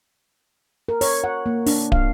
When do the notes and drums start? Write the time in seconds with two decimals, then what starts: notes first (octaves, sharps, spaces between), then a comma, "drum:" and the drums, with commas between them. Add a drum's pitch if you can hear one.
0.89 A#4
1.01 C#5, drum: open hi-hat
1.24 F#5
1.46 A#3
1.66 D4, drum: open hi-hat
1.92 F5, drum: kick